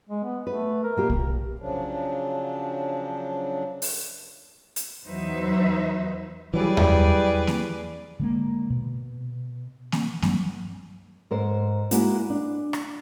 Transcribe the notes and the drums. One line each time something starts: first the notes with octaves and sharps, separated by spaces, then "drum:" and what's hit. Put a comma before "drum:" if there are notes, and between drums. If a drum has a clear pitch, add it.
G#3
B3
A3 B4
A#4
A#2 A#3 G4
drum: kick
C#3 F3 F#3 D4
drum: open hi-hat
drum: hi-hat
E2 F#3 D#4 B4 C5 E5
E3 F#3 G3 G#4 B4 D5
drum: tom E2
drum: snare A#3
D3 G#3 A#3
B2
drum: snare A#3
G2 F#3, drum: snare A#3
G#2 A#4 C5
G#3 A#3 D#4 E4 F#4, drum: hi-hat
D4
drum: rim click